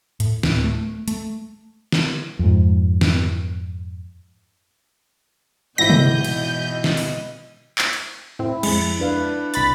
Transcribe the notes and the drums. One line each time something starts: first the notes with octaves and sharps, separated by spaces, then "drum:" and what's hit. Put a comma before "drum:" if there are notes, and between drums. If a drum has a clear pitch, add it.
A2, drum: hi-hat
D1, drum: snare
A3
A3, drum: hi-hat
drum: snare
F2 G#2
drum: snare
G#1 B2 E3 E4 D#5 G6 A#6
drum: tom C3
drum: cymbal
drum: snare
drum: open hi-hat
drum: clap
drum: cymbal
A2 C4 E4
F2 G#3, drum: cymbal
D4 B4 F5
C2 B5 A6, drum: hi-hat